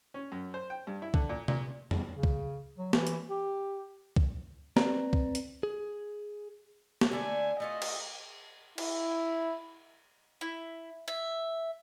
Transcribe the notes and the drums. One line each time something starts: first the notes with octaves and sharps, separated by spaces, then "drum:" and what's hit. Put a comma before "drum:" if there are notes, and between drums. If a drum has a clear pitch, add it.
C#4
F#2
C5
G5
G2
E4
D3, drum: kick C2
A#2
A#2, drum: tom C3
E2, drum: tom F2
C#3
drum: kick C2
F#3
E3, drum: snare
drum: hi-hat
G4
drum: kick C2
C4 B4 D5 A#5, drum: snare
drum: kick C2
drum: hi-hat
G#4
drum: snare
D3 A3 D4 G#5
A3 F4 F#4 D#5
drum: cymbal
E4, drum: cymbal
E4
E5